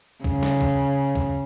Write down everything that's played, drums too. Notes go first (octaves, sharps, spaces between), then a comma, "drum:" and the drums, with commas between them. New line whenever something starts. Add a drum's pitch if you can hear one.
C#3, drum: kick B1
drum: snare
drum: kick B1
drum: kick B1